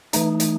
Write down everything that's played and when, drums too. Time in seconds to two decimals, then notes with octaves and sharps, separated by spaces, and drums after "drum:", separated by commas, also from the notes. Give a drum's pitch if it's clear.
0.13 E3 A3 D#4, drum: hi-hat
0.40 drum: hi-hat